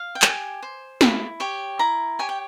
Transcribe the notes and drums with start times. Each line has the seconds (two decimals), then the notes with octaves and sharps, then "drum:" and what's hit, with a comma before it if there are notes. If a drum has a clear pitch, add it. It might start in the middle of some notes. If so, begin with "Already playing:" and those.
Already playing: F5
0.15 G5
0.22 G4 G#5, drum: clap
0.63 C5
1.01 E4, drum: snare
1.40 G4 C#5
1.79 E4 A#5
2.19 G4 C#5 G#5
2.29 G5